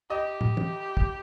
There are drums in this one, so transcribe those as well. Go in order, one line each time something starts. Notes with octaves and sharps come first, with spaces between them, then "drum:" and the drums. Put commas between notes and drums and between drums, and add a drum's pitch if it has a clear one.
G4 D#5
drum: tom
drum: tom
drum: kick